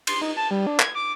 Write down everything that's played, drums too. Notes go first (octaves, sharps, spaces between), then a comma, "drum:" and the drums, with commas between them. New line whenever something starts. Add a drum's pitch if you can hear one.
C6, drum: cymbal
D#4
A5
G3
D4
G#6, drum: clap
D6